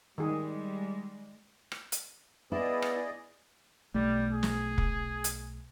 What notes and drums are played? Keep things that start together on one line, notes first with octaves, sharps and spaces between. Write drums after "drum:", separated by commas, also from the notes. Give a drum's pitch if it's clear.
D#3 G3 G#3 G#4
drum: rim click
drum: hi-hat
B3 E4 G#4 D5 D#5
drum: rim click
B1 G3 A3
G#4
drum: snare
drum: kick
drum: hi-hat